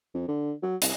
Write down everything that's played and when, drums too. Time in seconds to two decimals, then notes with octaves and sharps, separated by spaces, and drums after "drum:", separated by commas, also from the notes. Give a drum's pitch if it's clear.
0.14 F2
0.28 D3
0.63 F#3
0.82 C2, drum: hi-hat